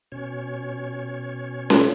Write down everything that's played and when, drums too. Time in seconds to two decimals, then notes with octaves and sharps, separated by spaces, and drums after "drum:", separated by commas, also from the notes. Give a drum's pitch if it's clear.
0.12 B2 C#4 C#5
1.70 drum: snare C#4